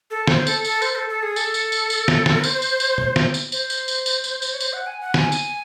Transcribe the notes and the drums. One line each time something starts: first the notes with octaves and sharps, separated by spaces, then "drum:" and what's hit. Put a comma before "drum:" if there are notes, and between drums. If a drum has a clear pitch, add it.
A4
C5, drum: snare
A4, drum: tambourine
A4, drum: tambourine
C5, drum: tambourine
A4
A4
G#4
A4, drum: tambourine
drum: tambourine
drum: tambourine
drum: tambourine
drum: snare
drum: snare
C5, drum: tambourine
drum: tambourine
drum: tambourine
drum: tom B2
drum: snare
drum: tambourine
C5, drum: tambourine
drum: tambourine
drum: tambourine
drum: tambourine
drum: tambourine
drum: tambourine
C#5
C5, drum: tambourine
F#5
G#5
F#5
G#5, drum: snare
drum: tambourine